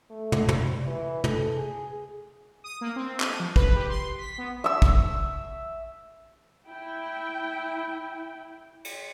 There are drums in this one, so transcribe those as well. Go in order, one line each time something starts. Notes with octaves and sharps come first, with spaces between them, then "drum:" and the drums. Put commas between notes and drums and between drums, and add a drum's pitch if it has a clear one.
A3
drum: tom
G3, drum: tom
E3
A4, drum: tom
G#4
D#6
A#3
C4
D#7, drum: clap
F3
B4, drum: kick
G4
C6
B6
B3
E5 E6
drum: kick
E4 G5
drum: cymbal